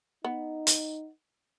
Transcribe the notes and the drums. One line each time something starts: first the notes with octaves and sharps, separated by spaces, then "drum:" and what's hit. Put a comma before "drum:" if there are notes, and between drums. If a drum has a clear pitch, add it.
B3 D#4
drum: hi-hat